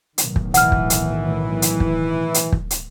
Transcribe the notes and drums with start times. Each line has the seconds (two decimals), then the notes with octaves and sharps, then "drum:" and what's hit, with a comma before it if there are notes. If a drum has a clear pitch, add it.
0.18 B1 A2 D#3, drum: hi-hat
0.36 drum: kick
0.54 E3 F#5 F6, drum: hi-hat
0.72 drum: kick
0.90 drum: hi-hat
1.62 drum: hi-hat
1.80 drum: kick
2.34 drum: hi-hat
2.52 drum: kick
2.70 drum: hi-hat